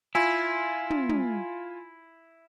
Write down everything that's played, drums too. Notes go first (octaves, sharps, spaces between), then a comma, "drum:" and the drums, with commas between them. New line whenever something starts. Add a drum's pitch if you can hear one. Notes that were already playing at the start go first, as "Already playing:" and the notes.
E4 F4 G#5
drum: tom
drum: tom